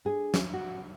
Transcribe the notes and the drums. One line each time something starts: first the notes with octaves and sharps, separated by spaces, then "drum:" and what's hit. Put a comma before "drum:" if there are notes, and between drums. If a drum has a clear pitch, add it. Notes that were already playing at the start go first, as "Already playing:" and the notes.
D4 G#4
drum: snare
F#4